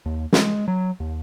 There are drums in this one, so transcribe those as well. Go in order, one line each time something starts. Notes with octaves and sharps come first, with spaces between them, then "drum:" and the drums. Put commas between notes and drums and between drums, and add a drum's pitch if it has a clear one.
D#2
G#3, drum: snare
F#3
D#2